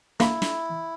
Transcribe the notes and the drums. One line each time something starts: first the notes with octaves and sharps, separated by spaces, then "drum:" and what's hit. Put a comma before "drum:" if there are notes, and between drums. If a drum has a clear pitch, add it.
A#3 E4 B5, drum: snare
drum: snare